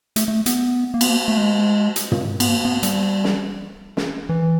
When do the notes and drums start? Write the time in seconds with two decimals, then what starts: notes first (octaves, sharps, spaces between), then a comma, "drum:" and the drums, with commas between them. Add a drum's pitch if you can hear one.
0.16 A3, drum: hi-hat
0.28 A3
0.46 B3, drum: hi-hat
0.94 A#3
1.01 B3, drum: cymbal
1.10 A#3
1.28 A3
1.37 G#3
1.96 drum: hi-hat
2.12 drum: tom
2.40 B3, drum: cymbal
2.47 A#3
2.65 B3
2.83 G3, drum: hi-hat
3.24 drum: snare
3.97 drum: snare
4.29 E3